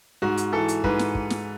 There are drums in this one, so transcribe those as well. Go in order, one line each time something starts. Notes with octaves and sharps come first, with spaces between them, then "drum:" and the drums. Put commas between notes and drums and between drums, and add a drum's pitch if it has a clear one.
G#2 F#4
drum: hi-hat
E3 A4
drum: hi-hat
G#2 B4, drum: kick
drum: snare
drum: kick
drum: snare